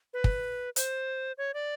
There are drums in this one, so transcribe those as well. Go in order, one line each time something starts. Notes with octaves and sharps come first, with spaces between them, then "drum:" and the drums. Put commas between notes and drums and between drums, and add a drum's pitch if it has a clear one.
B4
drum: kick
C5, drum: hi-hat
C#5
D5